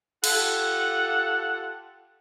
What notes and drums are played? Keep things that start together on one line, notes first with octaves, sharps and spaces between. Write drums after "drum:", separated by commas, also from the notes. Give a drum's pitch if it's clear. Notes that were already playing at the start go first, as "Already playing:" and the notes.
F4 G4 A4 F#5, drum: cymbal